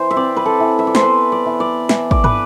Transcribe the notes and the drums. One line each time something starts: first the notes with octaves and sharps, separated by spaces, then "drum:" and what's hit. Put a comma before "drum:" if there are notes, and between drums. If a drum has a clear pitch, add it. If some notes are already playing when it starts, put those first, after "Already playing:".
Already playing: E3 C5
E5
C4 D5
B4
A4
E3
E5
D5
C5, drum: snare
B3 B4
D5
E3
D5
E3 E5, drum: snare
D5, drum: kick
B4, drum: tom